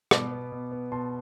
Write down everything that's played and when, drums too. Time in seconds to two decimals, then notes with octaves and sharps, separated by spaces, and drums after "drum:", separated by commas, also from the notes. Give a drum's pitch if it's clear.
0.11 B2 B5 D6, drum: rim click
0.31 B3
0.52 B2
0.72 B3
0.92 B2 A5 C6